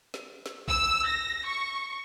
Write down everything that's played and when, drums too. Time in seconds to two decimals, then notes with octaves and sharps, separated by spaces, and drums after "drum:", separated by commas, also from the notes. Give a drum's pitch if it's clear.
0.14 drum: snare
0.46 drum: snare
0.68 E6, drum: kick
1.07 A#6
1.46 C#6